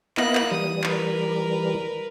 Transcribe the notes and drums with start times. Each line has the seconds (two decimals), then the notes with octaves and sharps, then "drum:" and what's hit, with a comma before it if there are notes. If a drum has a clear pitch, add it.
0.17 A#3 B3 E4 D#5 F#6, drum: clap
0.35 drum: clap
0.51 E3 G3 D#6
0.84 A#4 B4, drum: clap